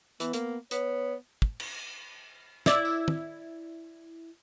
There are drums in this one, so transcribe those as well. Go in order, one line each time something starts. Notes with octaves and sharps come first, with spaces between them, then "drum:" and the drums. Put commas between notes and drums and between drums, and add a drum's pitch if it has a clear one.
E3 B3, drum: hi-hat
A#3, drum: hi-hat
B3 C#5, drum: hi-hat
drum: kick
drum: cymbal
E4 D5, drum: snare
drum: tambourine
drum: tom